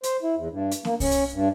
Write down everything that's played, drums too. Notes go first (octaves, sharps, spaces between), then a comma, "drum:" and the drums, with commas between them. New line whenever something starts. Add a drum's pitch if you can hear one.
C5, drum: hi-hat
E4
E2
G2
drum: hi-hat
A#3, drum: snare B3
C#4, drum: kick C2, open hi-hat
drum: hi-hat
G2